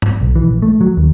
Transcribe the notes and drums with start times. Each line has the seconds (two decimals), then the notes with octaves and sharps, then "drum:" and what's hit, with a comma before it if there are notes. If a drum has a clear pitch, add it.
0.02 drum: tom G#2
0.21 B1
0.36 E3
0.49 A#1
0.62 A3
0.81 F#3
0.97 D#2